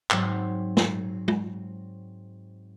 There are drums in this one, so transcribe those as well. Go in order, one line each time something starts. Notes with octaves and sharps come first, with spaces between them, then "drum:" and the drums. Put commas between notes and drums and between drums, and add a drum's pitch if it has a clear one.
G#2 F#3 C4, drum: clap
drum: snare
drum: tom